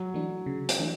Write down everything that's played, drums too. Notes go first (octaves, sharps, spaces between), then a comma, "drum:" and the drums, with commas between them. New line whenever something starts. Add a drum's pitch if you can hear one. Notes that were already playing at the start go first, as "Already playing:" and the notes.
Already playing: F#3
E3 A3 D4
C#3
drum: hi-hat
E3 A3 D4